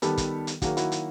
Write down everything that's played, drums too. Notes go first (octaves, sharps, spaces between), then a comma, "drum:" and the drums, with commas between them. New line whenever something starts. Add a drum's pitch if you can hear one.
D#3 G3 B3 G4 A4, drum: hi-hat
drum: kick, hi-hat
drum: hi-hat
D#3 F#3 A#3 F#4 G#4, drum: kick, hi-hat
E4 F#4, drum: hi-hat
drum: hi-hat